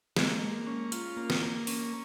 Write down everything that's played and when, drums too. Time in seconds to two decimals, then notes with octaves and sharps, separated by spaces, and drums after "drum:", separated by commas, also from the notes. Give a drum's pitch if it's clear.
0.16 G#3 A#3, drum: snare
0.41 A#3
0.67 C#4
0.92 F4, drum: hi-hat
1.17 A#3
1.30 drum: snare
1.42 A#3
1.67 C#4, drum: open hi-hat